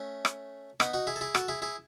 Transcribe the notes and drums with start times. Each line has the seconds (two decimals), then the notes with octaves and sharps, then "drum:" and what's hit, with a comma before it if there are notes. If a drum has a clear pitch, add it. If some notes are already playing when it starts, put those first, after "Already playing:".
Already playing: A3 C#4
0.25 drum: rim click
0.80 B3 D#4, drum: rim click
0.94 D#4 F#4
1.07 E4 G#4
1.16 A4
1.21 E4 G#4
1.35 F#4 A4, drum: rim click
1.48 E4 G#4
1.62 E4 G#4